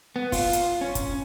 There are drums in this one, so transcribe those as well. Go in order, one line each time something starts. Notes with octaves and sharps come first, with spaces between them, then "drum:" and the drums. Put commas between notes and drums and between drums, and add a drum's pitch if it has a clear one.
B3
F4, drum: kick, open hi-hat
drum: hi-hat
C#4
drum: kick, hi-hat